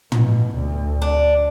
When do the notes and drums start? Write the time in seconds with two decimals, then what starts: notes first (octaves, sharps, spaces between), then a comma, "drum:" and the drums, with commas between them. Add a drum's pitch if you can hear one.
0.12 B2, drum: tom
0.55 D2
1.02 D4